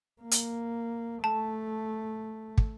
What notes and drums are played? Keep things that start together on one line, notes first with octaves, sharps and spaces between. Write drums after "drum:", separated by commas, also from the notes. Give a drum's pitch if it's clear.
A#3
drum: hi-hat
A3 A5
drum: kick